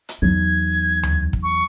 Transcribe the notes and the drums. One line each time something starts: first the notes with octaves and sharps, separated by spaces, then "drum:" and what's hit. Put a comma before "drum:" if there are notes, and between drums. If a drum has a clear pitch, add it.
drum: hi-hat
E2 F#3 D#4 G#6
drum: tom D2
drum: kick
C#6